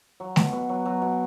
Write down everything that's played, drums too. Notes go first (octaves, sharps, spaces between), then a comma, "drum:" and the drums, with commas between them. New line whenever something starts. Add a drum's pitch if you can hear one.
F#3
B2, drum: snare
B2
F#3
F#3
B2